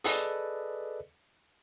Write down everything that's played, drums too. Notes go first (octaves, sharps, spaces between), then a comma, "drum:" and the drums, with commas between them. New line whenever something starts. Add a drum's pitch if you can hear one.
G#4 A4 B4 D5 D#5, drum: open hi-hat